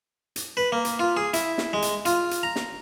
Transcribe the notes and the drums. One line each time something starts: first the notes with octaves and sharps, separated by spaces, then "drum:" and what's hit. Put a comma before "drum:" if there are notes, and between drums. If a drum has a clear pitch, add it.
drum: hi-hat
B4
A#3
drum: hi-hat
F4
G#4
E4, drum: hi-hat
drum: snare
G#3
drum: hi-hat
F4, drum: hi-hat
drum: hi-hat
A#5
drum: snare